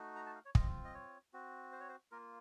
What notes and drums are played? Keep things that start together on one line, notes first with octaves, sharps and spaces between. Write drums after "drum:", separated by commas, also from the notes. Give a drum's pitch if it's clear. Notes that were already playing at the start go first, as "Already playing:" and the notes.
Already playing: A3 D#4 F#4
A#5
A5
F5
C#5
C4 F4 D#5, drum: kick
D#5
C#5
C4 F#4
C5
C#5
C5
A#3 F4 A#4